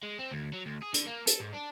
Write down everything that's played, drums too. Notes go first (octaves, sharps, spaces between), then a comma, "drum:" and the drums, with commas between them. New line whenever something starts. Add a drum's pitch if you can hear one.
G#3
C4
D2
F#3
D2
G#4
D3, drum: hi-hat
A#3
A4, drum: hi-hat
G#2
D4